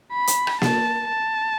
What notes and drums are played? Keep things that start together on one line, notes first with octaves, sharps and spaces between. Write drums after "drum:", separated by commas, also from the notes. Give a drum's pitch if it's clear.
B5
drum: hi-hat
drum: rim click
A5, drum: snare A#3
A5